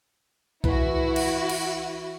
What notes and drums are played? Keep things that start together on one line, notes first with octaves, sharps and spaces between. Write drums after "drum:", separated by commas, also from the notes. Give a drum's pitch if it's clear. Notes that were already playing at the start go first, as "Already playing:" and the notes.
E3 E4 F#4 B4, drum: kick B1
drum: cymbal
drum: cymbal